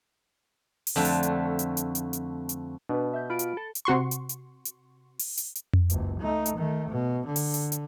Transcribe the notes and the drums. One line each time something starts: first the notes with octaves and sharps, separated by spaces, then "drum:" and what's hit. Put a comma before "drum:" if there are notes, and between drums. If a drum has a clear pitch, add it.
drum: open hi-hat
F2 D3 A3
drum: hi-hat
drum: hi-hat
drum: hi-hat
drum: hi-hat
drum: hi-hat
drum: hi-hat
drum: hi-hat
B2 D4 B4
E5 G6
F4 B5 D7
drum: hi-hat
A4
drum: hi-hat
C3 F#4 C6 C#6
drum: hi-hat
drum: hi-hat
drum: hi-hat
drum: open hi-hat
drum: hi-hat
drum: hi-hat
drum: tom F2
F#1 C#2, drum: hi-hat
A3 D#4
drum: hi-hat
D#3 A3
B2
D3
drum: open hi-hat
drum: hi-hat
drum: hi-hat